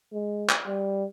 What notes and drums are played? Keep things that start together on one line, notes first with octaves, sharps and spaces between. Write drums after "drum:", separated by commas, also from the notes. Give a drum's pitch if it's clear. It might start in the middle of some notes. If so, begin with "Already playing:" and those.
G#3
drum: clap
G3